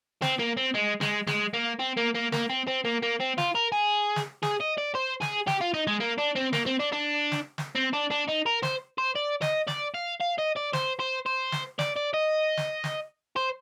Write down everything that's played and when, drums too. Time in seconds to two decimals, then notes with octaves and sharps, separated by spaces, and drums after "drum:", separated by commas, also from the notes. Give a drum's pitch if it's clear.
0.22 C4, drum: snare
0.39 A#3
0.57 C4
0.74 G#3
1.01 G#3, drum: snare
1.27 G#3, drum: snare
1.53 A#3
1.79 C4
1.97 A#3
2.15 A#3
2.32 A#3, drum: snare
2.50 C4
2.68 C4
2.85 A#3
3.02 A#3
3.20 C4
3.38 F4, drum: snare
3.55 A#4
3.72 G#4
4.16 drum: snare
4.43 G#4, drum: snare
4.60 D#5
4.78 D5
4.95 C5
5.22 G#4, drum: snare
5.48 G4, drum: snare
5.61 F4
5.74 D#4
5.87 G#3
6.00 A#3
6.18 D4
6.35 C4
6.53 A#3, drum: snare
6.66 C4
6.79 D4
6.92 D4
7.32 drum: snare
7.58 drum: snare
7.76 C4
7.93 D4
8.10 D4
8.28 D#4
8.46 A#4
8.63 C5, drum: snare
8.98 C5
9.16 D5
9.42 D#5, drum: snare
9.68 D5, drum: snare
9.94 F5
10.20 F5
10.38 D#5
10.56 D5
10.73 C5, drum: snare
10.99 C5
11.26 C5
11.52 drum: snare
11.79 D5, drum: snare
11.96 D5
12.14 D#5
12.57 drum: snare
12.84 drum: snare
13.36 C5